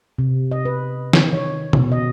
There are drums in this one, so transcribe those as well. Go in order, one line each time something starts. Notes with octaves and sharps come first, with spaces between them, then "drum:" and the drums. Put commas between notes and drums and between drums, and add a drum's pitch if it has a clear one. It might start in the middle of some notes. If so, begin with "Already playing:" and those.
C3
D#5
B4
D#3, drum: snare
C#5
B2, drum: tom C3
D#5